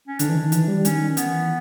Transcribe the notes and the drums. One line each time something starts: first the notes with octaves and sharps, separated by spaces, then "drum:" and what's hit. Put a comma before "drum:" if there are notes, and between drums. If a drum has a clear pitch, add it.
C#4
D3 D4, drum: hi-hat
E3
D#3
E3, drum: hi-hat
G3
D#3 C#4, drum: hi-hat
E3 B3, drum: hi-hat